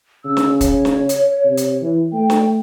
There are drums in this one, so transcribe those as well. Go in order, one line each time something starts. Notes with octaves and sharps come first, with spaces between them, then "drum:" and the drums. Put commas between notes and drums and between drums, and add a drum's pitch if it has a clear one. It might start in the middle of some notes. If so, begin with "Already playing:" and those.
C#3 E6
drum: snare
C#5, drum: kick, hi-hat
drum: snare
drum: hi-hat
C3
drum: hi-hat
E3
A3 G5
drum: snare